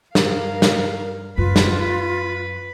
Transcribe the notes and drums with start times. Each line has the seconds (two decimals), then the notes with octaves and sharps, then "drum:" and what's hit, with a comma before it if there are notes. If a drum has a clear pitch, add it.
0.15 G2 A#4 F5, drum: snare
0.62 drum: snare
1.38 F#2 F4 B4
1.56 drum: snare